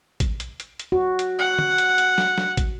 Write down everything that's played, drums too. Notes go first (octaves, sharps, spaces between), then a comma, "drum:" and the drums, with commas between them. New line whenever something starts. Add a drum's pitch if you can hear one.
drum: kick, hi-hat
drum: hi-hat
drum: hi-hat
drum: hi-hat
F#4
drum: hi-hat
F#5
drum: tom D3
drum: hi-hat
drum: hi-hat
drum: snare
drum: snare
drum: kick, hi-hat